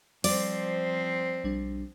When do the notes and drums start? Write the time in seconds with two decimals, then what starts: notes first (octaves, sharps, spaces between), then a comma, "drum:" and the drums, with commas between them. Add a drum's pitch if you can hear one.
0.24 F3 G3 C4 D5, drum: open hi-hat
1.44 B1 G3 D4